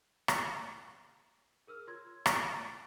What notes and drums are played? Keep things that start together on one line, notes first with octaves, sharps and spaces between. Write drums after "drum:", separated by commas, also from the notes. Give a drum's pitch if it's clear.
drum: rim click
G#4 A#4 E6 F6
F4 C#5 C6 E6 G#6
C7 D7 D#7, drum: rim click
A6